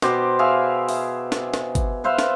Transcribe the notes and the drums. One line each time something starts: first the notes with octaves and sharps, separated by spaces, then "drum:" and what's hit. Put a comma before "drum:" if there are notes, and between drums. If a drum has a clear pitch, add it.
B2 G4 C5 D6, drum: snare
G4 G#4 E5 F5
E5, drum: open hi-hat
drum: snare
drum: snare
drum: kick, hi-hat
B4 C5 E5 F5
drum: snare